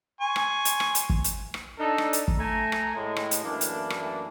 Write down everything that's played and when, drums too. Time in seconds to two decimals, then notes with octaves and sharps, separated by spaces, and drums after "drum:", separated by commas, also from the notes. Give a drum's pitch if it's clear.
0.21 G#5 C6 C#6
0.36 drum: rim click
0.65 drum: hi-hat
0.80 drum: rim click
0.95 drum: hi-hat
1.10 drum: kick
1.24 drum: hi-hat
1.54 drum: rim click
1.79 D4 D#4 A4
1.98 drum: rim click
2.13 drum: hi-hat
2.28 drum: kick
2.39 A3 G#5 A#5
2.72 drum: rim click
2.95 A2 G#3
3.16 drum: rim click
3.31 drum: hi-hat
3.43 F#2 E3 A3 A#3 D4
3.61 drum: hi-hat
3.90 drum: rim click